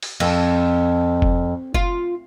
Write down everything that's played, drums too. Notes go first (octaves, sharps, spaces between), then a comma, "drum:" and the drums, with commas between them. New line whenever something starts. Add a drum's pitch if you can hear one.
drum: open hi-hat
F2, drum: cymbal
drum: kick F#1
F4, drum: kick F#1